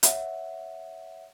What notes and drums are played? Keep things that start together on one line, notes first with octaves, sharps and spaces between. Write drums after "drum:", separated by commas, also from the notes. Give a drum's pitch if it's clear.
C#5 E5 F#5, drum: hi-hat